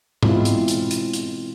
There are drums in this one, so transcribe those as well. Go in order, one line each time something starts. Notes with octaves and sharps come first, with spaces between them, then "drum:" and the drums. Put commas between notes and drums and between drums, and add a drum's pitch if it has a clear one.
B2 E3 G#3 C4 E4 F4, drum: tom G#2
drum: hi-hat
drum: hi-hat
drum: hi-hat
drum: hi-hat